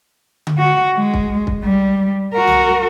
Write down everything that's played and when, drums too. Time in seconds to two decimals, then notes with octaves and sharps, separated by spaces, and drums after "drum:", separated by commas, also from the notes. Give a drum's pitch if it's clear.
0.47 drum: tom D3
0.58 F#4
0.97 G#3
1.14 drum: kick
1.47 drum: kick
1.64 G3
2.34 F#4 A#4
2.47 drum: tom C2